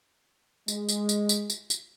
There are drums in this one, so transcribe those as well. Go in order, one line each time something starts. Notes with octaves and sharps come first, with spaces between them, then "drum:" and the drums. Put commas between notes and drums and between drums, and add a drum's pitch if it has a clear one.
G#3, drum: tambourine
drum: tambourine
drum: tambourine
drum: tambourine
drum: tambourine
drum: tambourine